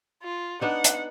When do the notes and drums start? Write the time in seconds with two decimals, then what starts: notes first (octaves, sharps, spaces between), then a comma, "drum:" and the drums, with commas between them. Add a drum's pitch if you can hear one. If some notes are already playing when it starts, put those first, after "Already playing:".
0.23 F4
0.61 B3 D4 D#4 F#5
0.84 drum: hi-hat